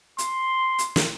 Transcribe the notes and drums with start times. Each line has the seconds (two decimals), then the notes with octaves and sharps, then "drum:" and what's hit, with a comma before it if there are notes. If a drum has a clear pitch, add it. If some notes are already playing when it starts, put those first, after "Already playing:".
0.18 C6, drum: hi-hat
0.79 drum: hi-hat
0.96 drum: snare